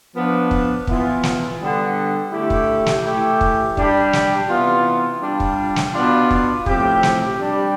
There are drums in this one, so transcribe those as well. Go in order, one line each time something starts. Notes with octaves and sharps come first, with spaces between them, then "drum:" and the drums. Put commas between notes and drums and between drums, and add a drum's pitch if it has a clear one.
F3 B3 D4
drum: kick
E3 B3 F4, drum: kick
drum: snare
D3 G3 B3
D3 A3 E4 G4
drum: kick
drum: snare
E3 A3 E4 G4
drum: kick
G3 D4 G4, drum: kick
drum: snare
C3 E3 B3 F4
G3 D4 F4
drum: kick
drum: snare
B2 B3 D4 F4
drum: kick
A2 F3 C4 G4, drum: kick
drum: snare
G3 D4 G4